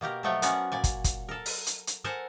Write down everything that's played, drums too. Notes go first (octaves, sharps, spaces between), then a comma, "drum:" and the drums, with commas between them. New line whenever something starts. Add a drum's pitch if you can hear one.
B2 A#3 G4 A#4
B2 F3 F#3 A3 C#5 G5
B3 C#4 F#4 A#4 D5 F#5, drum: hi-hat
A#2 D5 G#5
drum: kick, hi-hat
drum: kick, hi-hat
A4 A#4
drum: open hi-hat
drum: hi-hat
drum: hi-hat
A4 A#4 C5 F#5 G#5